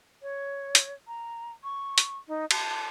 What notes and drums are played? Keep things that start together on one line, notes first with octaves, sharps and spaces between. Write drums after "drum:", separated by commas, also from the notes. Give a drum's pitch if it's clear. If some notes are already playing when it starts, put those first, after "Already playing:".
C#5
drum: hi-hat
A#5
C#6
drum: hi-hat
D#4
A5, drum: cymbal